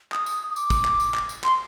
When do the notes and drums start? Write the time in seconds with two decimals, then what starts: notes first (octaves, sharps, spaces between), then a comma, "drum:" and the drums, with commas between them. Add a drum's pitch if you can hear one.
0.12 D#6, drum: clap
0.26 drum: tambourine
0.50 D#6
0.56 D6, drum: tambourine
0.70 drum: kick, tambourine
0.85 drum: clap
1.00 drum: tambourine
1.14 drum: clap
1.29 drum: tambourine
1.44 C6, drum: clap